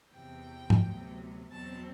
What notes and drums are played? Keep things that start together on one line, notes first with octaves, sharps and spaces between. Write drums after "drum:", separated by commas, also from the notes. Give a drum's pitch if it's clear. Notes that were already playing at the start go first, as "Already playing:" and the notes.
E2 C3 E3 G5
drum: tom G#2
D2 C3 F#3 B3
E2 B2 F#3 C4 A5